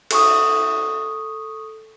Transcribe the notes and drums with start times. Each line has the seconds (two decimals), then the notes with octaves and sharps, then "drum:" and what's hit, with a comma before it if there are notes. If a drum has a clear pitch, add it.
0.11 A4 C#6 D#6, drum: cymbal